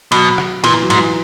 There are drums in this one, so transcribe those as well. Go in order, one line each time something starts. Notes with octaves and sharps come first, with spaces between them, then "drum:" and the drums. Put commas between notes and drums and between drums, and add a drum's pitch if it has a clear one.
B2 F#3, drum: cymbal
drum: rim click
A#2 E3, drum: cymbal
F#3
G#2, drum: cymbal
E3